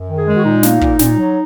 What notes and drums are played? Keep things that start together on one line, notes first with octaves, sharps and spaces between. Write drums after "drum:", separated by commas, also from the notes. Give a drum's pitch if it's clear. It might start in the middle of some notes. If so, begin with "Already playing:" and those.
Already playing: F#2
D#3
G#4
G#3
F#4
A#2 D#4
A#3, drum: snare
A#2, drum: kick
A#2, drum: snare
F#3